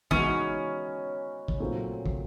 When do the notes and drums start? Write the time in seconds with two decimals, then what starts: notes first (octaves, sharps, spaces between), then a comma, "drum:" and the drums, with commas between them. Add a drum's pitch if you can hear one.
0.11 E3 G#3 B3 C#4 D#4 F#4, drum: kick
1.48 drum: kick
1.60 A#2 F#3 A3 C4
2.06 drum: kick